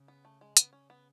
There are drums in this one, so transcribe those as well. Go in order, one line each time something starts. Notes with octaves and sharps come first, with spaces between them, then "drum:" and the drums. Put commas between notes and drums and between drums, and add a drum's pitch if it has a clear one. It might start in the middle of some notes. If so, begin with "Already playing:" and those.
Already playing: C#3
B3
A3
G#3
C#3 B3, drum: hi-hat
C#4
B3